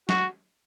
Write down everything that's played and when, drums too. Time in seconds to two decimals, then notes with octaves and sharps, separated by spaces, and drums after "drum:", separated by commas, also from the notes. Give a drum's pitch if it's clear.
0.09 F#4, drum: snare